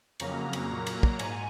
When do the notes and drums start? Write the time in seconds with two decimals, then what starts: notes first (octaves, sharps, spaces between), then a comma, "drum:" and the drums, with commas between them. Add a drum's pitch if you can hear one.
0.20 F2 C#3 F#3 A#3 A#5, drum: cymbal
0.53 drum: cymbal
0.70 A#2 F#3 A#3
0.87 drum: cymbal
1.03 drum: kick
1.19 G#2 G#5, drum: cymbal